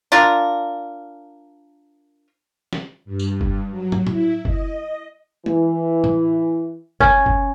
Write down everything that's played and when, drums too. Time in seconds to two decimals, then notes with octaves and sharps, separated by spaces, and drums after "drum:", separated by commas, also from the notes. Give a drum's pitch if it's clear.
0.12 D4 F4 A#4
2.73 drum: snare
3.05 G2
3.19 drum: tambourine
3.41 drum: kick
3.71 F#3
3.92 drum: tom
4.07 E4, drum: tom A2
4.45 D#5, drum: kick
5.46 E3, drum: tom
6.04 drum: tom A2
7.00 C#4, drum: kick
7.26 drum: kick